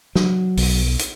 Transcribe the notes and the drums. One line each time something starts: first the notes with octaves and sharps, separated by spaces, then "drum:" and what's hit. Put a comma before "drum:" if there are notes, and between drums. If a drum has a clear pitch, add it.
F#3, drum: snare
B1, drum: open hi-hat
drum: hi-hat